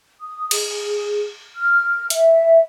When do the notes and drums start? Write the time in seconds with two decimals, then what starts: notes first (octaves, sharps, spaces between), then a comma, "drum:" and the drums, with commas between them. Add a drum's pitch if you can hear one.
0.21 D#6
0.51 G#4, drum: cymbal
1.56 F6
2.10 E5, drum: hi-hat